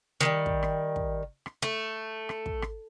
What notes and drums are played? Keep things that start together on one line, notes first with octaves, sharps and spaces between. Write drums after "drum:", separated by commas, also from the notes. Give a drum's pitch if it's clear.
D#3 F#3 G3
drum: kick
drum: rim click
drum: kick
drum: rim click
A3, drum: rim click
drum: rim click
drum: kick
drum: rim click